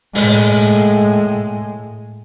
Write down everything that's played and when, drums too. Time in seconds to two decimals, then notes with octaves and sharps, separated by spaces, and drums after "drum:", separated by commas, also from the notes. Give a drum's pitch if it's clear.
0.15 A2 G#3, drum: open hi-hat